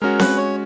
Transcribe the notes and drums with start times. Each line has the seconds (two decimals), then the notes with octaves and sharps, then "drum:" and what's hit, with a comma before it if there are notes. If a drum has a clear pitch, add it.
0.01 G#3 C#4 F#4 A#4
0.19 B4, drum: snare C4
0.37 C#5